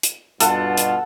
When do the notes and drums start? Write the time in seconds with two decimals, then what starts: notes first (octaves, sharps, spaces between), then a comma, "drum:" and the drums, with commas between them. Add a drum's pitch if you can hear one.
0.03 drum: hi-hat
0.40 G2 B2 F4 A4 F#5, drum: hi-hat
0.77 drum: hi-hat